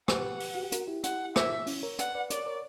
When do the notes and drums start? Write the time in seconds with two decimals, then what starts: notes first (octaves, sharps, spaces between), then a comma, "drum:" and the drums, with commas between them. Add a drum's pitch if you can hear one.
0.08 G4 B4 F#5, drum: rim click
0.40 drum: open hi-hat
0.55 F#4
0.63 G4
0.72 F#4 A#4, drum: hi-hat
0.87 E4 G4
1.04 F#5, drum: hi-hat
1.36 E5, drum: rim click
1.67 C#4 E4, drum: open hi-hat
1.83 A#4 C#5
1.99 B4 D5 F#5, drum: hi-hat
2.15 B4 D5
2.30 A#4 C#5 D5, drum: hi-hat
2.46 A#4 C#5